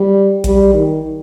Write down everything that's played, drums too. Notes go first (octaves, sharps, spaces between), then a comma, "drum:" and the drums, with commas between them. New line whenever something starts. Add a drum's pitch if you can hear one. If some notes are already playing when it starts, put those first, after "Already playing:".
Already playing: G3
G3, drum: kick A#1, hi-hat
D#3